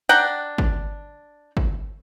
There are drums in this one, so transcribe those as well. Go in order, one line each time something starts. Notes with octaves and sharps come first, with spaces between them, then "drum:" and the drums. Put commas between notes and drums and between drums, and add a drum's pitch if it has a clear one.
D4 F#5 G5 A#5
drum: kick G1
drum: kick G1